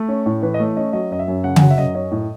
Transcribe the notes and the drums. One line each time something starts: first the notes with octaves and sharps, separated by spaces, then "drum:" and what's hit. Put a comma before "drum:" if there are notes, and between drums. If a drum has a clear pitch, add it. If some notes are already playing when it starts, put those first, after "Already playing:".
Already playing: A3
C#4
A2
E3 B4
D#5
A3 C#5
C#4 D#5
F#3 D#5
F#2 D#5
E5
F#2
C#3 F#5
G#5, drum: tom C#3
F#3 F#5
E5
F#2 D#5
C#4 D#5
A2